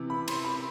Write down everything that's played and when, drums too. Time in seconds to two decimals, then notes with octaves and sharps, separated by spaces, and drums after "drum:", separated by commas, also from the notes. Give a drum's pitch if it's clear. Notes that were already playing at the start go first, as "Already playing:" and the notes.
Already playing: C3 E3
0.10 B5
0.28 C6, drum: cymbal
0.44 B5